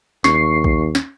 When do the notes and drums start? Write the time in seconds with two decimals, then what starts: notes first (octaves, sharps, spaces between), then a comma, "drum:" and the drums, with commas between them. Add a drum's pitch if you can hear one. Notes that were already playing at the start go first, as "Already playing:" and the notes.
0.24 D#2 C#6 C7, drum: snare
0.64 drum: kick
0.95 drum: snare